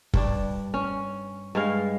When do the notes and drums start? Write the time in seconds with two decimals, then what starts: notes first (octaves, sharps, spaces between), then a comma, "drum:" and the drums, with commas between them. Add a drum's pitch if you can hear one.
0.14 G2 D4, drum: kick
0.74 C#4
1.55 G2 G#3 F5